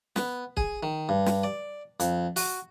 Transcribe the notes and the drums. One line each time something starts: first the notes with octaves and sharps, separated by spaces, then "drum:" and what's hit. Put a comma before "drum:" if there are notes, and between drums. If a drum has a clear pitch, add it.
B3, drum: snare
G#4, drum: kick
D#3
G2
drum: snare
D5
F2, drum: hi-hat
F#4, drum: open hi-hat